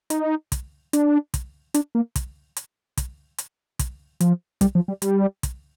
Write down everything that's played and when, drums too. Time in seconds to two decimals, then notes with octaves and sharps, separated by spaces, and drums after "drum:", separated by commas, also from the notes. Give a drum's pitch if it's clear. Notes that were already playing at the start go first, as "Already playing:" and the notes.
0.10 D#4, drum: hi-hat
0.52 drum: kick, hi-hat
0.93 D4, drum: hi-hat
1.34 drum: kick, hi-hat
1.74 D4, drum: hi-hat
1.95 A#3
2.16 drum: kick, hi-hat
2.57 drum: hi-hat
2.97 drum: kick, hi-hat
3.38 drum: hi-hat
3.79 drum: kick, hi-hat
4.20 F3, drum: hi-hat
4.61 G3, drum: kick, hi-hat
4.75 F3
4.88 G3
5.02 G3, drum: hi-hat
5.43 drum: kick, hi-hat